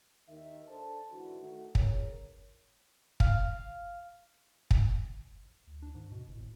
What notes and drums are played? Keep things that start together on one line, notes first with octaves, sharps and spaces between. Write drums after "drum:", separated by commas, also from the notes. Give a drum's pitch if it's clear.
D#2 D#3 E5
D4 A4 C5 A5
G#2 D3 E3 D4 E4 F#4
D#3 A3 F#4
C#2 A#4 C#5, drum: kick
F5, drum: kick
drum: kick
D2
D4
G#2 D#3
F2 B2
G1 A2
G#1